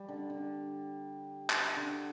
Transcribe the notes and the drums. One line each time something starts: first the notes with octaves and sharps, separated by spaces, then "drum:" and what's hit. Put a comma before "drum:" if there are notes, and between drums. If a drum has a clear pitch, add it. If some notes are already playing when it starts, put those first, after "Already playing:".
Already playing: G3
D3
D3
drum: clap
D3